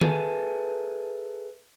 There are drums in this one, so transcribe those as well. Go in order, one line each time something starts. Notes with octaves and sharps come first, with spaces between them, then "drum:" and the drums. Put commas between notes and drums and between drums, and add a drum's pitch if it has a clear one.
G#4 A4 B4 E5 G#5 A5, drum: tom D#3